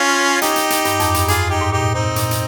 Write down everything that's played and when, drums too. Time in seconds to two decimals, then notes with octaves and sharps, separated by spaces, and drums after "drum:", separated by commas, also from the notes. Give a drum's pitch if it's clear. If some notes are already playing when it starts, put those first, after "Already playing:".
Already playing: C#4 F4
0.42 D#4 G4, drum: hi-hat
0.56 drum: hi-hat
0.70 drum: hi-hat
0.85 G2, drum: hi-hat
1.00 F2, drum: hi-hat
1.14 G2, drum: hi-hat
1.28 G2 F4 G#4, drum: hi-hat
1.50 D#4 G4
1.61 G#2
1.72 A#2 D#4 G4
1.94 C4 D#4
2.16 A#2, drum: hi-hat
2.31 drum: hi-hat